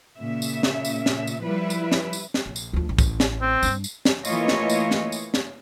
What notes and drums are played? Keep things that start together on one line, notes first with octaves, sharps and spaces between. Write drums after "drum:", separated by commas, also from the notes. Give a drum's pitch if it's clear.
A#2 C#3 E5
drum: tambourine
drum: snare
drum: tambourine
drum: snare
drum: tambourine
F3 G3 E4 B4
drum: tambourine
drum: snare
drum: tambourine
drum: snare
A#1
drum: tambourine
D2 F3
A1
drum: kick, tambourine
drum: snare
C4
G2 D4, drum: tambourine
drum: tambourine
drum: snare
E3 A3 A#3 F4 C#5 D#5, drum: tambourine
drum: snare
drum: tambourine
drum: snare
drum: tambourine
drum: snare